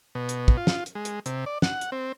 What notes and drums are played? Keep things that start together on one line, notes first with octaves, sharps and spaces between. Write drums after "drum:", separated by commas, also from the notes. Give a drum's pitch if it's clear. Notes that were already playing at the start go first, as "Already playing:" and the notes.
B2
drum: hi-hat
drum: kick
F4
drum: snare
drum: hi-hat
G#3
drum: hi-hat
C3, drum: hi-hat
D5
F#5, drum: snare
drum: hi-hat
C4